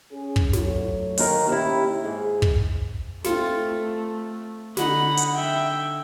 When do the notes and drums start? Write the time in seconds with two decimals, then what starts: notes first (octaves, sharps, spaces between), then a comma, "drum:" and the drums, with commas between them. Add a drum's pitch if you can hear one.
0.11 C#4 G#4
0.36 drum: kick
0.53 F#3 A3 C#5, drum: snare
1.18 D#2 D#3 A#4, drum: open hi-hat
1.49 D#2 C#4 E4 G4
2.04 G#2 G#4
2.42 drum: kick
3.24 A3 C4 F4 A4, drum: snare
4.77 D3 D#4 F#5 B5, drum: snare
5.17 drum: hi-hat
5.35 E5 G5